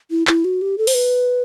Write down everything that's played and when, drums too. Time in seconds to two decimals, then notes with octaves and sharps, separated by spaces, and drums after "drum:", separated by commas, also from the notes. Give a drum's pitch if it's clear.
0.11 E4
0.27 E4, drum: clap
0.45 F#4
0.62 G4
0.78 A4
0.87 C5, drum: open hi-hat
0.94 B4